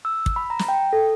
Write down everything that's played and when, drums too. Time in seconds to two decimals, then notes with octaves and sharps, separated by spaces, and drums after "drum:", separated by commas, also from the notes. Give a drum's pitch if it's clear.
0.05 E6
0.26 drum: kick
0.36 B5
0.50 A#5
0.59 drum: snare
0.69 G5
0.93 A4